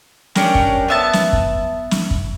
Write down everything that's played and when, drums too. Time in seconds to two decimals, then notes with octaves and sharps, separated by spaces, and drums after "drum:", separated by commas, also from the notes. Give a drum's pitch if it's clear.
0.35 C#4 D4 G4 A#4, drum: snare
0.55 drum: kick
0.88 B3 E5 A5
1.13 drum: snare
1.33 drum: kick
1.91 drum: snare
2.11 drum: kick